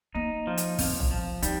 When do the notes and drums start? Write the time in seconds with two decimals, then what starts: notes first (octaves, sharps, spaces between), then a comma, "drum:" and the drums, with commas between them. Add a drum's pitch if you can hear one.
0.15 A#3 D#4
0.47 F3
0.57 drum: hi-hat
0.79 F3 C4, drum: kick, open hi-hat
1.00 drum: tom A1
1.11 F3
1.43 G3 D#4, drum: hi-hat